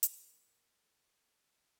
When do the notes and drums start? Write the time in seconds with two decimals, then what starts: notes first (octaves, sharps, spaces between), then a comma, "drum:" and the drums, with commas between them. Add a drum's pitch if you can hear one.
0.03 A#3, drum: hi-hat
0.78 A4